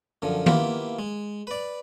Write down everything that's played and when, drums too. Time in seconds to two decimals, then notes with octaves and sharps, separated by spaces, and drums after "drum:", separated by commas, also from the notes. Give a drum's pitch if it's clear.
0.22 F#2 D3 F3
0.46 A#3 B3 E4 F4 G4 G5, drum: tom D#3
0.99 G#3
1.47 B4 D5